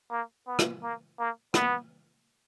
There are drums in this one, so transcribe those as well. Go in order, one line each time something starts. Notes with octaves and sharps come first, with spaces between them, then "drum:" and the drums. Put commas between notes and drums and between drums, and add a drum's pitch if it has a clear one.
A#3
B3
drum: rim click
A#3
A#3
B3, drum: rim click